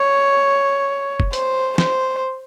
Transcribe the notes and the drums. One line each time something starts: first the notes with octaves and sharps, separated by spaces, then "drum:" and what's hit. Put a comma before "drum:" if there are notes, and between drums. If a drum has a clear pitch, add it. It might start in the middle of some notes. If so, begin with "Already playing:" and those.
Already playing: C#5
drum: kick
C5, drum: hi-hat
C5, drum: snare